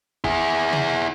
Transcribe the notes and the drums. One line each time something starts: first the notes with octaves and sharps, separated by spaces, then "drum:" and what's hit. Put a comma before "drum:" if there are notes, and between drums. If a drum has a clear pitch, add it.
E4 G#4, drum: kick
drum: tom C3